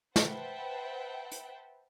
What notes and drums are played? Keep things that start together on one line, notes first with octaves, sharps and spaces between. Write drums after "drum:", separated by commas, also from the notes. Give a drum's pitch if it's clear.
B4 C5 E5 F#5 G5 A5, drum: snare
drum: hi-hat